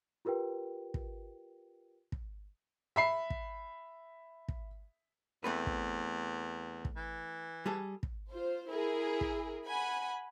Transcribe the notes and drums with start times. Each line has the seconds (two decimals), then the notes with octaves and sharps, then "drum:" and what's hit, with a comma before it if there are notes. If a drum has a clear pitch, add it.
0.25 F4 G4 A#4 B4 G5
0.94 drum: kick
2.12 drum: kick
2.96 E5 B5 C7
3.30 drum: kick
4.48 drum: kick
5.44 E2 A3 C4 B4
5.67 drum: kick
6.85 drum: kick
6.96 E3
7.66 G3 G#4 A4
8.03 drum: kick
8.31 F4 C5
8.70 E4 G#4 A#4
9.21 drum: kick
9.65 F#5 G#5 B5